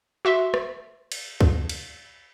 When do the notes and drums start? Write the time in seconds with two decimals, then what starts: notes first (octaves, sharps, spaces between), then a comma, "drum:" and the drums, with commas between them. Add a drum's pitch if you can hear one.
0.25 F#4 E5 C6
0.54 drum: rim click
1.12 drum: cymbal
1.41 drum: kick
1.69 drum: cymbal